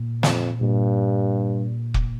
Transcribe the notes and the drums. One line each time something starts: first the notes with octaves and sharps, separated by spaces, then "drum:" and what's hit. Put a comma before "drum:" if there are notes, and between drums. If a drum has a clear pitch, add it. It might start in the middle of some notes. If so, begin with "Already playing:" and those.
Already playing: A#2
F2, drum: snare
G2 A#2
drum: kick